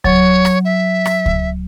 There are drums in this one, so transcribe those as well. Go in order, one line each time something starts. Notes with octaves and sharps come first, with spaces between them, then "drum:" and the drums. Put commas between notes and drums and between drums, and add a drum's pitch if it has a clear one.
F#3 C#5, drum: kick C#2
drum: rim click
E5
drum: rim click
drum: kick C#2